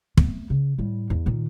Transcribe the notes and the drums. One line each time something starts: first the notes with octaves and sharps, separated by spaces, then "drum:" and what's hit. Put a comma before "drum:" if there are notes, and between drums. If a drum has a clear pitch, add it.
A3 B3, drum: kick
C#3
A2 G3
E2
A#2 D#3